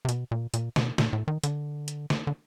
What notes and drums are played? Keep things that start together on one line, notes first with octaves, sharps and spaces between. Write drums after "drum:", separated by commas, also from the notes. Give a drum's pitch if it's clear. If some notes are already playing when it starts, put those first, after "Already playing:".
C3
B2, drum: hi-hat
A#2
A#2, drum: hi-hat
B2, drum: snare
A#2, drum: snare
A2
D#3
D3, drum: hi-hat
drum: hi-hat
drum: snare
D3